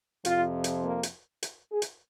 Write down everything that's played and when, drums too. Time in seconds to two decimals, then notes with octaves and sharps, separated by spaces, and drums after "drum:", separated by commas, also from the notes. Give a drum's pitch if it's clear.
0.25 F2 C3 F3 F4, drum: hi-hat
0.64 drum: hi-hat
0.83 A#3
1.03 drum: hi-hat
1.43 drum: hi-hat
1.72 G#4
1.82 drum: hi-hat